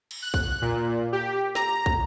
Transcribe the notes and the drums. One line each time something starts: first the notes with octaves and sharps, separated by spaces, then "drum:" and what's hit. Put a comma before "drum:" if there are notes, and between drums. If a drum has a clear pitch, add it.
drum: cymbal
F#6
drum: kick
A#2
G4
A#5, drum: snare
drum: kick